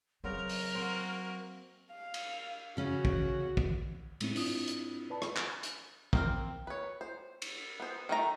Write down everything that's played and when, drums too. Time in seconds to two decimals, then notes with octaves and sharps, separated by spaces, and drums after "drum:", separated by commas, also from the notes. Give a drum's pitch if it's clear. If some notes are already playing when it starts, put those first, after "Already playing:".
0.24 C#3 F#3 B3 C4 A#4
0.49 drum: open hi-hat
0.75 A#3 C4 F#4
1.91 F5
2.14 drum: cymbal
2.77 C#3 C#4 F#4
3.05 drum: kick
3.57 drum: kick
4.20 A2 G#3 A3 C4 C#4 E4, drum: cymbal
4.36 G#2 C4 D4 E4 F4 D#6, drum: open hi-hat
4.68 drum: hi-hat
5.10 B4 D5 A5 B5
5.22 drum: rim click
5.36 drum: clap
5.63 drum: hi-hat
6.13 A#3 C4 A#4, drum: kick
6.67 B4 C#5
7.01 C5
7.42 drum: cymbal
7.80 B3 C5
8.09 D#3 A3 A#5